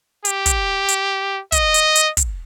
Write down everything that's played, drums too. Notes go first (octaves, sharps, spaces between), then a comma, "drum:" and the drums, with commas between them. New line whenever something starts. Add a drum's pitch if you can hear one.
G4, drum: hi-hat
drum: kick, hi-hat
drum: hi-hat
D#5, drum: kick, hi-hat
drum: hi-hat
drum: hi-hat
drum: kick, hi-hat